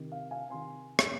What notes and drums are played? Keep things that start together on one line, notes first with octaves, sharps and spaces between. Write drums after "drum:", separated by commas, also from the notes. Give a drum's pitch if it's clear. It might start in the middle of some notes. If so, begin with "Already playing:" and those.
Already playing: C3 D#3
F5
F5 G#5
C3 D#3 G#5 C6
drum: rim click